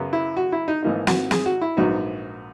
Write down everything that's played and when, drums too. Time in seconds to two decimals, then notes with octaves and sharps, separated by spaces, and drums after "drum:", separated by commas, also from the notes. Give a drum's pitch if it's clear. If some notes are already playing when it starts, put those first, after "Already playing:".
Already playing: F#2 C#3 F#3 B3
0.13 E4
0.37 F#4
0.52 E4
0.68 D#4
0.83 G#1 G#2 E3 A#3 D#4
1.07 F#4, drum: snare
1.31 G#4, drum: snare
1.46 F#4
1.61 E4
1.77 A#1 G#2 F#3 B3 D#4 F#4